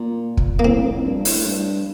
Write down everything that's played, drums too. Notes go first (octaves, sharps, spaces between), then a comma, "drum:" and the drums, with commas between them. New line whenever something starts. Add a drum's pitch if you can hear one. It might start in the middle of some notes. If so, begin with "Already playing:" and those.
Already playing: A#2
drum: kick
A#3
A2 C4
F2
G2
A2, drum: open hi-hat
G2